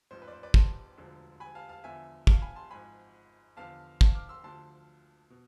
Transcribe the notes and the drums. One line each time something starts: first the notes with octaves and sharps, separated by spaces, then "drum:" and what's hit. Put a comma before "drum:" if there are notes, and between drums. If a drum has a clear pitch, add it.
A1 G#2 F3 C5
B4
D5
C5
B4 D5
A5 C6, drum: kick
E1 D2 D3 F3
G#5 B5
F5 A5
F5 A5
E2 D3 F3 E5 G#5
F5 A5, drum: kick
G#5 B5
A5 C6
G#1 G#2 F3 G#5 B5
E2 D3 F3 F5 A5
F5 A5, drum: kick
D6 F6
C6 E6
D2 D3 F3 A5 C6
B2